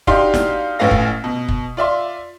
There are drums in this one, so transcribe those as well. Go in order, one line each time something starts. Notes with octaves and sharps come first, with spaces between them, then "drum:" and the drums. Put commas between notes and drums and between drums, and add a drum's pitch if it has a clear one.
D4 D#4 F#4 G4 F5 C6, drum: kick
drum: snare
A1 A2 C#4 B4 F5 A#6
drum: kick
B2
drum: kick
F4 D5 E5 C6